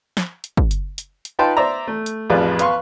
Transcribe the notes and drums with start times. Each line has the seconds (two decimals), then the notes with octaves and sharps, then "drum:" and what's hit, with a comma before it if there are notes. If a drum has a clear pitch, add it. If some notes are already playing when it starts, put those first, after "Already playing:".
0.17 drum: snare
0.44 drum: hi-hat
0.57 drum: kick
0.71 drum: hi-hat
0.98 drum: hi-hat
1.25 drum: hi-hat
1.39 D#4 F4 B4 G5 A5 C6
1.57 C5 D5 E5 A#5
1.88 A3
2.06 drum: hi-hat
2.30 A1 F2 F4 G#4 B4 D5
2.59 B4 F5 C6 C#6, drum: hi-hat